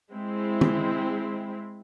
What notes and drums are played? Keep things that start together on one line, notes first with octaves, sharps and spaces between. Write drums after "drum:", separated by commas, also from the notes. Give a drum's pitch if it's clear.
G#3 C4 E4
drum: tom